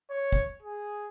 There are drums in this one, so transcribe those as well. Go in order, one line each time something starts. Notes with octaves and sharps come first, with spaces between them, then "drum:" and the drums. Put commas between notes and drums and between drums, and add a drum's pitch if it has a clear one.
C#5
drum: kick
G#4